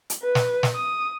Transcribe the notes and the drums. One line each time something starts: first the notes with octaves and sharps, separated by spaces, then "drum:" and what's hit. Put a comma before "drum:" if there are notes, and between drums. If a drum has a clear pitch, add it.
drum: hi-hat
B4
drum: snare
drum: snare
D#6